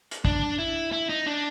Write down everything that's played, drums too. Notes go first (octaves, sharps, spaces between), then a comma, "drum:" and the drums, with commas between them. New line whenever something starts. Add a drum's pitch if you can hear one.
drum: hi-hat
D4, drum: kick
E4
E4
D#4
D4